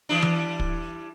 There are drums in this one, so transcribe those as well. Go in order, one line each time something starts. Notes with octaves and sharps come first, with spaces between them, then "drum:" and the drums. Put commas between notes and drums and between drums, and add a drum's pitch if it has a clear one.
E3 G3 D4
drum: tom E3
drum: kick